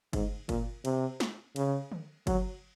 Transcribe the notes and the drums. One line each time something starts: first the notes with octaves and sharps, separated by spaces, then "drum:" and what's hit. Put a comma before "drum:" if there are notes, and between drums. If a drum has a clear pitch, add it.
G#2, drum: kick G1, cymbal
A#2, drum: kick G1, cymbal
C3, drum: cymbal
drum: snare
C#3, drum: cymbal
drum: tom
F#3, drum: kick G1, cymbal